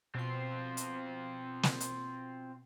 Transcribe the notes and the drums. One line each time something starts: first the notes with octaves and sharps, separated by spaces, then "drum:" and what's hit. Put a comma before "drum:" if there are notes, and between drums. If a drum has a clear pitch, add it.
B2 C4 F4 C7
drum: hi-hat
drum: snare
drum: hi-hat